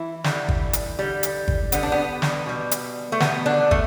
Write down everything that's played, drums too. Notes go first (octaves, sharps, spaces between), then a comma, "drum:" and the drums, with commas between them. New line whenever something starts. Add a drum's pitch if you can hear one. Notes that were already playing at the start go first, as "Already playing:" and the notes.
Already playing: E3 E4
D3 G3, drum: snare
drum: kick
drum: hi-hat
D3 G3
drum: hi-hat
drum: kick
D3 G3 B3, drum: hi-hat
D4
B3
drum: snare
B2 G3
drum: hi-hat
A3
B2 G3 B3, drum: snare
D3 D4
A3, drum: kick